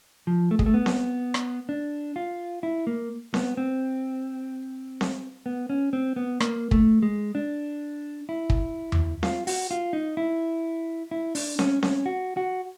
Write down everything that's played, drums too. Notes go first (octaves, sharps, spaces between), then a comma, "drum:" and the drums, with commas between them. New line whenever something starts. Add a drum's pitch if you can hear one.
F3
A3
G#3, drum: kick
A3
B3
drum: snare C4
drum: rim click
D4
F4
E4
A#3
B3, drum: snare C4
C4
drum: snare C4
B3
C#4
C4
B3
A#3, drum: rim click
A3, drum: kick
G#3
D4
E4
drum: kick
drum: tom E2
F4, drum: snare C4
F#4, drum: open hi-hat
F4
D#4
E4
E4
D4, drum: open hi-hat
C#4, drum: snare C4
C#4, drum: snare C4
F#4
F#4